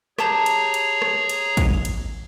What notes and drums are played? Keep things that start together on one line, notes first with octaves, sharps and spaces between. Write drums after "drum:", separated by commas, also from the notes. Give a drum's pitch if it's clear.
G4 G#4 C#5 A5 A#5 G6, drum: rim click
drum: cymbal
drum: cymbal
drum: rim click
drum: cymbal
drum: kick, cymbal
drum: cymbal